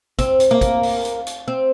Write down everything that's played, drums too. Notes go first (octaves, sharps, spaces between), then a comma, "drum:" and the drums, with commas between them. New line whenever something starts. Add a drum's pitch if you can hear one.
C4, drum: kick, hi-hat
drum: hi-hat
A#3
drum: kick, hi-hat
drum: open hi-hat
drum: hi-hat
drum: hi-hat
C4